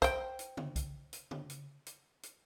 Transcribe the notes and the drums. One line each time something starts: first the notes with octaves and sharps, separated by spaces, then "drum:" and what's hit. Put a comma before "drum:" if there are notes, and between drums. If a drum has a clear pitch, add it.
C5 G5, drum: kick, hi-hat
drum: hi-hat
drum: tom C#3
drum: kick, hi-hat
drum: hi-hat
drum: tom C#3
drum: hi-hat
drum: hi-hat
drum: hi-hat